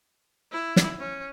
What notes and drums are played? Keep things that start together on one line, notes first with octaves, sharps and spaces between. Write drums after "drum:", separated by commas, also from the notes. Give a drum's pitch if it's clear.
E4
drum: snare
C#4